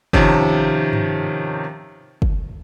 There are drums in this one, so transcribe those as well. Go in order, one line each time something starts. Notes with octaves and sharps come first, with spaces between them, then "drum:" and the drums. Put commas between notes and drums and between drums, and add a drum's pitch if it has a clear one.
C3 D#3 F3 C#4, drum: kick
drum: tom G2
drum: kick